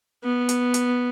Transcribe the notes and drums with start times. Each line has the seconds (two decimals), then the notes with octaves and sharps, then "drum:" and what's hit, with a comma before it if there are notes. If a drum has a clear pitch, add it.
0.24 B3
0.49 drum: hi-hat
0.74 drum: hi-hat